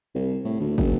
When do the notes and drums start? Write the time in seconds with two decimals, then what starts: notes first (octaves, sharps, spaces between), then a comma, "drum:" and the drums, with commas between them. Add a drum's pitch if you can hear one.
0.15 C2
0.45 A2
0.60 D2
0.78 F#1, drum: kick